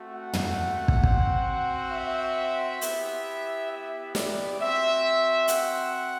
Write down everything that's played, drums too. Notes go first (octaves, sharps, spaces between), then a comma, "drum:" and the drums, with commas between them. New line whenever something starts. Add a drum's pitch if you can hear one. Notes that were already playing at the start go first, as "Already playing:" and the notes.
Already playing: A3 C4 F#4
F#5
drum: tom
drum: kick
C4 F#4, drum: kick
E5
B3 E4 G4, drum: hi-hat
E5
D5, drum: snare
C4 F#4 E5
F#5, drum: hi-hat